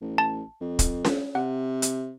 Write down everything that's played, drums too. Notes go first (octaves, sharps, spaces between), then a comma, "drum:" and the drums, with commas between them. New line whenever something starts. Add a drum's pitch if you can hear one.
A1
A5
F2
drum: kick, hi-hat
drum: snare C#4
C3 F#5
drum: hi-hat